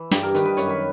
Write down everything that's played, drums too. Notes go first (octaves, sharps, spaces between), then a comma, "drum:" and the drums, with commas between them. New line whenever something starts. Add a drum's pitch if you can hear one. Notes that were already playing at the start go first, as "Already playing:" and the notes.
Already playing: E3
G2 G4, drum: snare
A#4
D#3 B4, drum: hi-hat
B4
F#2 C#5, drum: hi-hat
B4